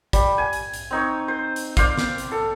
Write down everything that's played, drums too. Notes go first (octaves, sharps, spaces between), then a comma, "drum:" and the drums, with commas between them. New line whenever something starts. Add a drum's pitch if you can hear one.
G3, drum: kick, hi-hat
G#5
drum: hi-hat
drum: hi-hat
C4 D#4 C#5
C5
drum: hi-hat
C5 D5 F5, drum: kick, hi-hat
drum: snare
drum: hi-hat
A4